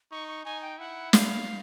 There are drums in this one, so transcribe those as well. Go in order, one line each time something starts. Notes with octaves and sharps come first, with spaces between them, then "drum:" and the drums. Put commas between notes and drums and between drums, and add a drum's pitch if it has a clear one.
D#4 C#6
C#6
D#4 G#5
G5
E4 F#5
F5, drum: snare